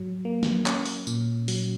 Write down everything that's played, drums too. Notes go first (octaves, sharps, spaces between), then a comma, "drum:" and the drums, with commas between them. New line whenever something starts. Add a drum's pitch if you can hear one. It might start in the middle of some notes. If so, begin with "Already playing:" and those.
Already playing: G#2 F#3
A#3
drum: snare
C#4, drum: clap
drum: open hi-hat
A#2, drum: tambourine
F#3, drum: open hi-hat